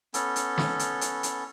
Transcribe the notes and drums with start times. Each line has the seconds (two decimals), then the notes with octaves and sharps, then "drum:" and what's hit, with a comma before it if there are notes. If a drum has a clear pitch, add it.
0.14 B3 C#4 A4, drum: hi-hat
0.36 drum: hi-hat
0.58 drum: snare
0.79 drum: hi-hat
1.01 drum: hi-hat
1.23 drum: hi-hat